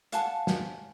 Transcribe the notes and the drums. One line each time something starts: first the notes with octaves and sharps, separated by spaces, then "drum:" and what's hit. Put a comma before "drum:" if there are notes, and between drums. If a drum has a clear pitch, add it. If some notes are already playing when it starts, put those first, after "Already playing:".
F5 F#5 G#5 A5, drum: hi-hat
drum: snare